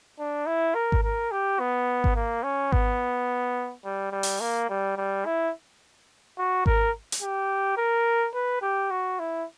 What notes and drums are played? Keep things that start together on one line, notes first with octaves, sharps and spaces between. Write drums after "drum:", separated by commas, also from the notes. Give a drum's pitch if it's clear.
D4
E4
A#4
drum: kick G#1
A#4
G4
B3
drum: kick G#1
A#3
C#4
B3, drum: kick G#1
G3
G3
drum: open hi-hat
A#3
G3
G3
E4
F#4
A#4, drum: kick G#1
drum: hi-hat
G4
A#4
B4
G4
F#4
E4